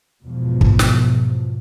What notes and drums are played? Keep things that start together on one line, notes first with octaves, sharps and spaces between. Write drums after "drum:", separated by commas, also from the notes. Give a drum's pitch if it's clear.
E2 G#2 B2 F3
drum: kick
drum: snare